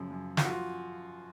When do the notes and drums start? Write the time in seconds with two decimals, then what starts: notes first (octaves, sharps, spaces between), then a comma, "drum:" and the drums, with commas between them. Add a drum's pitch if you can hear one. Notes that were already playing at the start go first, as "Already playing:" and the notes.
Already playing: F#2 C#3 F3
0.11 F#2
0.37 F3 F4, drum: snare
0.44 F#4
0.50 F4